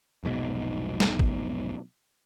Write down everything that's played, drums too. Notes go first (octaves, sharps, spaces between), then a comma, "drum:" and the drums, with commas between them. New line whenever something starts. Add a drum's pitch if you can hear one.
F1 B1 G#2 B2
drum: snare
drum: kick